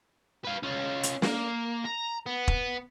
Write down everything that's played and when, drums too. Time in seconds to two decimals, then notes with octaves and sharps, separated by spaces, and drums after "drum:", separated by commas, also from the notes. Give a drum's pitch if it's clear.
0.45 B4 F5
0.63 C#4 F4
1.03 drum: hi-hat
1.22 A#3, drum: snare
1.85 A#5
2.26 B3
2.48 drum: kick E1